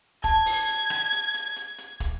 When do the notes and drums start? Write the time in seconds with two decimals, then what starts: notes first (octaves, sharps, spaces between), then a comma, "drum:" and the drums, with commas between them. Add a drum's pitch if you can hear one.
0.24 A5 G#6, drum: kick, hi-hat
0.46 drum: open hi-hat
0.68 drum: hi-hat
0.90 drum: rim click
1.12 drum: hi-hat
1.34 drum: hi-hat
1.56 drum: hi-hat
1.78 drum: hi-hat
2.00 drum: kick, hi-hat